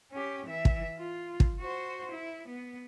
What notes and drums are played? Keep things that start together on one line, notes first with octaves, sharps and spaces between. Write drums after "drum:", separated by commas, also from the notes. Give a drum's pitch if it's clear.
C#4 G4
E3 E5
drum: kick
F4
drum: kick
F#4 C5
E4
B3